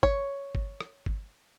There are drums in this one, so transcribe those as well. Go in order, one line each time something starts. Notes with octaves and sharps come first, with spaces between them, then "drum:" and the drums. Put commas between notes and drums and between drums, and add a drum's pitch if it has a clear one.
C#5, drum: kick G1
drum: kick G1
drum: rim click
drum: kick G1